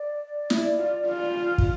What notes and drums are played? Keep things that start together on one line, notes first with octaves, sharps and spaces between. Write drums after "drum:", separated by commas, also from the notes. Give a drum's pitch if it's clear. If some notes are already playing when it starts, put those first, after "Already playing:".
Already playing: D5
E4, drum: snare
F4
F4
drum: kick